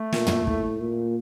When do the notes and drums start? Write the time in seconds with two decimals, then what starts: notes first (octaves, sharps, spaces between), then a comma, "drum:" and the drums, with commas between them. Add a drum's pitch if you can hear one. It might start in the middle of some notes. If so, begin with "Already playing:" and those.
Already playing: A3
0.13 A#2, drum: snare
0.27 drum: tom
0.47 A2, drum: kick
0.81 A#2